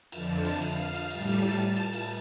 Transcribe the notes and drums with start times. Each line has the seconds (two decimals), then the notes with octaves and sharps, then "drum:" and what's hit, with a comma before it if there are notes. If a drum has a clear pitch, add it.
0.12 F2 D3 F3 A5, drum: cymbal
0.45 drum: cymbal
0.62 F5, drum: cymbal
0.94 drum: cymbal
1.10 A2 G3 A5, drum: cymbal
1.27 drum: cymbal
1.77 drum: cymbal
1.93 drum: cymbal